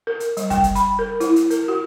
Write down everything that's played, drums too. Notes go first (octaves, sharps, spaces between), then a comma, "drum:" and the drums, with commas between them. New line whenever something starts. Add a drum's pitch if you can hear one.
A#4
drum: hi-hat
G3, drum: hi-hat
G5, drum: kick, hi-hat
drum: hi-hat
B5, drum: hi-hat
A#4
E4, drum: hi-hat
drum: hi-hat
A#4, drum: hi-hat
F#4